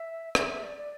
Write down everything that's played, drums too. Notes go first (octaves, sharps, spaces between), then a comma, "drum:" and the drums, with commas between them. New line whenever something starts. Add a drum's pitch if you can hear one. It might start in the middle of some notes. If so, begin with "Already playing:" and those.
Already playing: E5
E5, drum: rim click
E5
D5
D5